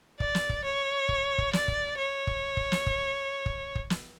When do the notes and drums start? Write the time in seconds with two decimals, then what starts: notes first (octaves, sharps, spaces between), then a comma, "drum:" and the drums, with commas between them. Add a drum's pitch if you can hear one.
0.20 D5, drum: kick
0.35 drum: snare
0.49 drum: kick
0.65 C#5
1.09 drum: kick
1.38 drum: kick
1.53 D5, drum: snare
1.68 drum: kick
1.98 C#5
2.27 drum: kick
2.57 drum: kick
2.72 drum: snare
2.87 drum: kick
3.46 drum: kick
3.75 drum: kick
3.90 drum: snare